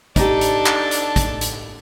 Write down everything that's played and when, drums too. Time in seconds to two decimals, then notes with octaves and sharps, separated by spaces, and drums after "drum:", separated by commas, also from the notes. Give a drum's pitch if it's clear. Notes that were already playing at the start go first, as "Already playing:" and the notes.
0.16 D4 D#4 G4 A4, drum: kick, hi-hat
0.41 drum: hi-hat
0.66 drum: clap
0.91 drum: hi-hat
1.16 drum: kick, hi-hat
1.41 drum: hi-hat